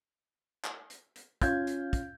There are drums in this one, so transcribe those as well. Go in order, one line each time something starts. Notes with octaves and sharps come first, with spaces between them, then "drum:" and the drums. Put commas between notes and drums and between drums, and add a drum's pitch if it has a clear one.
drum: clap
drum: hi-hat
drum: hi-hat
C#4 F4 F5 G6 G#6, drum: kick, hi-hat
drum: hi-hat
drum: kick, hi-hat